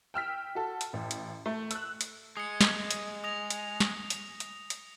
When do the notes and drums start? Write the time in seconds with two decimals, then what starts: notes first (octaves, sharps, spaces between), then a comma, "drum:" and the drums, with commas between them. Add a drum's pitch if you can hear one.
0.14 G5 E6 F6 B6
0.55 F#4 A4
0.81 drum: hi-hat
0.93 A1
1.11 drum: hi-hat
1.46 A3
1.71 E6 F#6, drum: hi-hat
2.01 drum: hi-hat
2.37 G#3 D#6 C#7
2.61 drum: snare
2.91 drum: hi-hat
3.24 D#6 A#6 F7
3.50 drum: hi-hat
3.80 drum: snare
4.10 drum: hi-hat
4.40 drum: hi-hat
4.70 drum: hi-hat